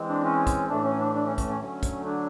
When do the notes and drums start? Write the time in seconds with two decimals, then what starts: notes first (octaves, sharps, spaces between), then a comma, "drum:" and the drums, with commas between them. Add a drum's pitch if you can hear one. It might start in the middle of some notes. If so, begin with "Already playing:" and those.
Already playing: E3 G#3 C4
0.09 D4
0.24 C#4
0.47 drum: kick, hi-hat
0.69 A2 E3 A3 D4
0.84 C#4
0.99 D4
1.15 D4
1.26 C#4
1.38 C#4, drum: kick, hi-hat
1.49 C#4
1.60 D3 F#3 A3 C#4
1.83 drum: kick, hi-hat
2.06 D4